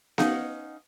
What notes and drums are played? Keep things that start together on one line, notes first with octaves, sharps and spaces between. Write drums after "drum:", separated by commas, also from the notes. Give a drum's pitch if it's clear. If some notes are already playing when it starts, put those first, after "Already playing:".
C#4 D#4 D#5 F5 F#5, drum: snare B3